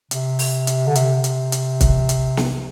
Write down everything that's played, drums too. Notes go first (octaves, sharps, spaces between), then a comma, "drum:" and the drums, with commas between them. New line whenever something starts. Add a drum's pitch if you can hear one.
C3, drum: hi-hat
drum: open hi-hat
drum: hi-hat
D3
C3, drum: hi-hat
drum: hi-hat
drum: hi-hat
drum: kick, hi-hat
drum: hi-hat
drum: snare